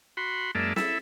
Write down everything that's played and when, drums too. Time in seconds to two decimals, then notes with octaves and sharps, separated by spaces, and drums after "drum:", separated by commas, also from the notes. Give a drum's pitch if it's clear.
0.17 F#4 B5 C6
0.55 F#2 G#3 A#3 D5 E5 A5
0.76 E4 A4 E5, drum: snare